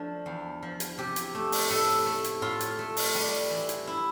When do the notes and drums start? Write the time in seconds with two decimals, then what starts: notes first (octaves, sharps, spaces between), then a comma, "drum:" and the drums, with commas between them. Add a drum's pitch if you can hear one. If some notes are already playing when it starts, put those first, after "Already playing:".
Already playing: F3 A3 D4
0.26 E2
0.63 F3
0.80 drum: hi-hat
0.98 C3 G4
1.16 drum: hi-hat
1.35 A3
1.52 drum: open hi-hat
1.70 A2 A4
2.06 A3
2.24 drum: hi-hat
2.42 A2 F4
2.60 drum: hi-hat
2.79 A3
2.97 drum: open hi-hat
3.15 G3
3.50 E3
3.69 drum: hi-hat
3.87 E4